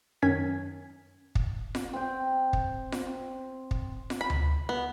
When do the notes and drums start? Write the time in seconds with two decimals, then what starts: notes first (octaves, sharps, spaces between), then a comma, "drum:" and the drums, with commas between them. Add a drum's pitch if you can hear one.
0.22 F#2 D#3 C#4 G#6 B6
1.35 drum: kick
1.75 drum: snare F4
1.93 C4 G5
2.53 drum: kick
2.92 drum: snare F4
3.71 drum: kick
4.10 drum: snare F4
4.21 B5
4.30 drum: tom D2
4.69 B3